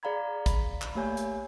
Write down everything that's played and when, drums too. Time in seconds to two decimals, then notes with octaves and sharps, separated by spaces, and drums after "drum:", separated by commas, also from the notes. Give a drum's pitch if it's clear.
0.03 G#4 D5 F5 A#5 B5 G#6
0.46 B5, drum: kick, hi-hat
0.82 drum: clap
0.95 A3 A#3 G4 C#5 G#5 G6
1.17 drum: hi-hat